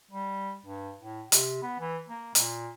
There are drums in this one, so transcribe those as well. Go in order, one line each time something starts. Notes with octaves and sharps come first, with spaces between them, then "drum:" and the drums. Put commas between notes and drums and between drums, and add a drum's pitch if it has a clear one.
G3
G2
A2
C3, drum: hi-hat
B3
E3
A#3
A#2, drum: hi-hat